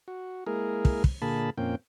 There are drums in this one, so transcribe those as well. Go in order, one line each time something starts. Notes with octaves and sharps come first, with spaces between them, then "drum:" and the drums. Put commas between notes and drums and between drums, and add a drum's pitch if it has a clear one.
F#4
G#3 A#3 E4 G#4 A#4
drum: kick
drum: kick
A#2 D3 A#3 G#4 A5 B5
F2 A#2 A#3 C4 C#4 G5